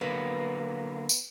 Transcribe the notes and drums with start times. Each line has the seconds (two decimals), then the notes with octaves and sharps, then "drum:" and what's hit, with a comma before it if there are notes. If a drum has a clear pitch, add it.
0.01 D3 F#3 A#3 B3
1.09 drum: tambourine